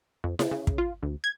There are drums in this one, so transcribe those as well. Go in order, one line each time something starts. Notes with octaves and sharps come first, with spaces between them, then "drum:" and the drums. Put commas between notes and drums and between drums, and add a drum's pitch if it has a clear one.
F2
C#3, drum: snare E4
C#3
drum: kick
F4
D2
G#6